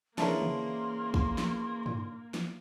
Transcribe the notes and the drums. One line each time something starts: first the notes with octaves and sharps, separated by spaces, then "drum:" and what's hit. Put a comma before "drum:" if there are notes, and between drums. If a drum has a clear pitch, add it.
C#3 E3 A#3 D4 E4 A#4 C6 C#6, drum: snare
drum: tom C#3
drum: kick
drum: snare
drum: tom G2
drum: snare